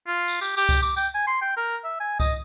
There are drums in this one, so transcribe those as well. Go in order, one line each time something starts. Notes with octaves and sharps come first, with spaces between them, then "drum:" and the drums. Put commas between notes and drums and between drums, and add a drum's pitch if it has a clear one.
F4
drum: tambourine
G4, drum: tambourine
G4, drum: tambourine
drum: kick C2, tambourine
D6, drum: tambourine
G5, drum: tambourine
G#5
C6
G5
A#4
E5
G#5
D#5, drum: kick C2, tambourine